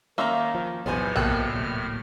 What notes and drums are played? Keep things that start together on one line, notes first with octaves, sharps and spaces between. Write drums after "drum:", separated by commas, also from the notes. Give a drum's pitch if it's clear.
D#3 A#3 C#4 E5 A#5 C6 E6
F3
B1 E2 A2 C3 B3 C5 G#5 F6
B2 A#3 A4 G5 F#6, drum: tom A#1
D1 A#2